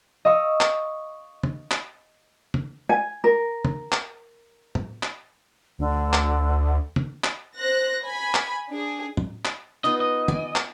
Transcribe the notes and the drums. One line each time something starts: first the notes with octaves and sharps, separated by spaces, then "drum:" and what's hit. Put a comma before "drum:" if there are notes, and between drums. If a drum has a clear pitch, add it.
D#5 F5 C#6 E6
drum: clap
drum: tom
drum: clap
drum: tom
G#5
A#4
drum: tom
drum: clap
drum: tom A2
drum: clap
D2 D3
drum: clap
drum: tom
drum: clap
C5 F#6 A#6
G#5 B5
drum: clap
D4 G#4
drum: tom A2
drum: clap
B3 D#4 F4 D#5
D#5
D5 G#5, drum: tom D3
drum: clap